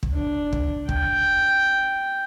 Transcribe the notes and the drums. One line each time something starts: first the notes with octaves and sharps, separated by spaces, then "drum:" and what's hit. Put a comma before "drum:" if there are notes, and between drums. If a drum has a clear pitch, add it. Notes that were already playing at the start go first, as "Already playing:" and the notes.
drum: kick
D4
drum: kick
G5, drum: kick